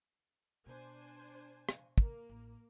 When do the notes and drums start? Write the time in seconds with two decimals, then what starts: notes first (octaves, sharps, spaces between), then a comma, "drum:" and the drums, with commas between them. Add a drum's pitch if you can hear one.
0.66 B2 D4 C5 G#5
1.69 drum: rim click
1.98 A#3, drum: kick
2.29 A1